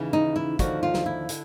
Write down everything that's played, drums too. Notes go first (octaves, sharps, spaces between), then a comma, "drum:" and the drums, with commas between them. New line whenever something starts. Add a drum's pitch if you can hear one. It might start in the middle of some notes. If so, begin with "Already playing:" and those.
Already playing: D#2 C#3 E3
D#4
E4
D#2 D3 F3 F#4, drum: kick, hi-hat
F4
drum: snare
E4
D3, drum: hi-hat